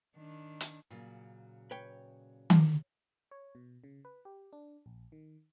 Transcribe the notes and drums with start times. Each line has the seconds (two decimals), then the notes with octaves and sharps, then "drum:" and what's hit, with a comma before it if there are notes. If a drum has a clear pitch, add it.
0.17 D#3 D4
0.61 drum: hi-hat
0.90 A#2 C#3 F#3
1.71 B4 C#5 G5
2.50 drum: tom D#3
3.31 C#5
3.55 B2
3.84 C#3
4.05 B4
4.25 G4
4.53 D4
4.86 A#1
5.12 D#3